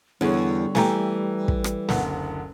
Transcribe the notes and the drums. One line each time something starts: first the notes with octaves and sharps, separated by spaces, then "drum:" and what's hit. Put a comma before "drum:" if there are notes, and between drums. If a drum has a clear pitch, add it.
E2 D3 G3 G#4 C#5
E3 A3 G4 G#5 A#5, drum: snare
drum: kick
drum: rim click
F#1 D2 F#5, drum: snare